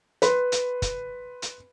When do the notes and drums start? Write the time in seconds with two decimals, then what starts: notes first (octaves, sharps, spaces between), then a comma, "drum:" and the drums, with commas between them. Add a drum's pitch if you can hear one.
0.22 B4 B5 C6, drum: hi-hat
0.52 drum: hi-hat
0.82 drum: kick, hi-hat
1.42 drum: hi-hat